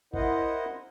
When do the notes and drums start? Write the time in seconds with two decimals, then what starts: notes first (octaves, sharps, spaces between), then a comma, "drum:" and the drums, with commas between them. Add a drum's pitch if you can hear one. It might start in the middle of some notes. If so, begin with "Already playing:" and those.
0.14 E4 A#4 C5 D#5 F#5, drum: kick A1